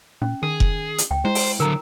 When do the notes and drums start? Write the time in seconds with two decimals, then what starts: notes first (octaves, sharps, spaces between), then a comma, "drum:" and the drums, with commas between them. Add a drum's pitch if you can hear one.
0.22 A#2 C#4
0.43 D#3 G#4
0.60 drum: kick F1
0.98 drum: hi-hat
1.11 D2 G5
1.25 G#3 E4 C5
1.35 drum: open hi-hat
1.60 D3 F#3 A#4 A#5